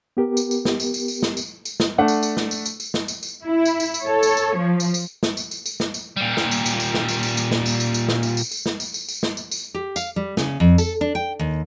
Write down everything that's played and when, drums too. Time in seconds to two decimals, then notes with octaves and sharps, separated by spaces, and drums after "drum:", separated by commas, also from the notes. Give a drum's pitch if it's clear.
0.17 B3 G4 A#4
0.37 drum: tambourine
0.51 drum: tambourine
0.65 drum: snare
0.80 drum: tambourine
0.94 drum: tambourine
1.08 drum: tambourine
1.23 drum: snare
1.37 drum: tambourine
1.65 drum: tambourine
1.80 drum: snare
1.98 A3 D4 F#5
2.08 drum: tambourine
2.23 drum: tambourine
2.37 drum: snare
2.51 drum: tambourine
2.65 drum: tambourine
2.80 drum: tambourine
2.94 drum: snare
3.08 drum: tambourine
3.23 drum: tambourine
3.45 E4
3.65 drum: tambourine
3.80 drum: tambourine
3.94 drum: tambourine
4.04 A4 C#5
4.23 drum: tambourine
4.37 drum: tambourine
4.58 F3
4.80 drum: tambourine
4.94 drum: tambourine
5.23 drum: snare
5.37 drum: tambourine
5.51 drum: tambourine
5.66 drum: tambourine
5.80 drum: snare
5.94 drum: tambourine
6.17 A#2 G3
6.37 drum: snare
6.51 drum: tambourine
6.66 drum: tambourine
6.80 drum: tambourine
6.94 drum: snare
7.08 drum: tambourine
7.23 drum: tambourine
7.37 drum: tambourine
7.51 drum: snare
7.66 drum: tambourine
7.80 drum: tambourine
7.94 drum: tambourine
8.08 drum: snare
8.23 drum: tambourine
8.37 drum: tambourine
8.51 drum: tambourine
8.66 drum: snare
8.80 drum: tambourine
8.94 drum: tambourine
9.09 drum: tambourine
9.23 drum: snare
9.37 drum: tambourine
9.51 drum: tambourine
9.74 G4
9.96 F5, drum: tambourine
10.16 G3
10.37 C#3, drum: snare
10.60 F2
10.78 A4, drum: tambourine
11.01 D4
11.15 G5
11.39 D#2